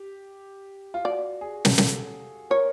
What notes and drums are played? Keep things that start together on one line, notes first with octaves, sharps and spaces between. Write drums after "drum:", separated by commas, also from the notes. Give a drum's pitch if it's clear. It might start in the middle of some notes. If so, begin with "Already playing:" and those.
Already playing: G4
F4
F#4 D5
G#4
drum: snare
A4, drum: snare
A#4 C#5